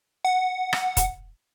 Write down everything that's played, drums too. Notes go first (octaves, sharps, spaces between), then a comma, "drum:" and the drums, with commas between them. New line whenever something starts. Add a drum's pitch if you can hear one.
F#5
drum: rim click
drum: kick, hi-hat